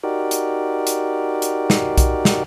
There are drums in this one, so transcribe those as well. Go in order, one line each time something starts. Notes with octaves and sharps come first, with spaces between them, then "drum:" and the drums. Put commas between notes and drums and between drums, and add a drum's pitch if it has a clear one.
D#4 F#4 G4 A#4 D5
drum: hi-hat
drum: hi-hat
drum: hi-hat
drum: snare
drum: kick B1, hi-hat
drum: snare